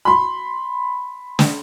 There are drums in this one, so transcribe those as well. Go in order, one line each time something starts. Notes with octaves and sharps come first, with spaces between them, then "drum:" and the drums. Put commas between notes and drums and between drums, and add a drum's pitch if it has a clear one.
B5 C6
drum: snare